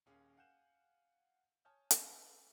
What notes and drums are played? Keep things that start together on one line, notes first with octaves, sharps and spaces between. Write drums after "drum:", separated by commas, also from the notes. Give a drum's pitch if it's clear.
D#1 D#2 C#4 G#4 F5
F5 F#5 G#5 F#6 G6 E7
C#5 G#5 A5 D#6 F6 G6
drum: hi-hat
B4 D#5 F5 G5